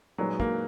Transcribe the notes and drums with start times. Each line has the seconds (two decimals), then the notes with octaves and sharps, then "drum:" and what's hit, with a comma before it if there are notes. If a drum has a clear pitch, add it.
0.18 A#2 F#3 G#3 D#4 F#4 B4
0.40 A#3, drum: kick